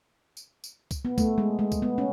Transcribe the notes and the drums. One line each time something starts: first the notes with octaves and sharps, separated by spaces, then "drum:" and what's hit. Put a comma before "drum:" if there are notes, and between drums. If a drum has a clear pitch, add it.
drum: tambourine
drum: tambourine
drum: kick C2, tambourine
B3
A3, drum: kick C2, tambourine
G#3
G#3
drum: kick C2, tambourine
B3
C#4